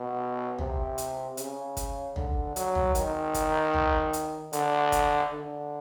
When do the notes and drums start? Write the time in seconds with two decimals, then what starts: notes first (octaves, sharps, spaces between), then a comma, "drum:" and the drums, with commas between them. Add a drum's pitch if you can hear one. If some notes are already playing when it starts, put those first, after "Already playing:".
Already playing: B2
0.58 C3, drum: tom
0.98 drum: hi-hat
1.37 C#3, drum: hi-hat
1.77 drum: kick, hi-hat
2.16 D3, drum: tom
2.56 F#3, drum: hi-hat
2.75 drum: tom
2.95 D#3, drum: hi-hat
3.34 drum: kick, hi-hat
3.74 drum: tom
4.13 drum: hi-hat
4.53 D3, drum: hi-hat
4.92 drum: kick, hi-hat
5.32 D3